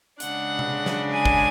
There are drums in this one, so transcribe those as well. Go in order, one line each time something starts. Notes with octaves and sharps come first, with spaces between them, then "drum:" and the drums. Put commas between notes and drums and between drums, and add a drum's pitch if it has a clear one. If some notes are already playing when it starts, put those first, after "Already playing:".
C#3 G#3 D4 F#5, drum: hi-hat
drum: tom C3
drum: snare
G#5
drum: kick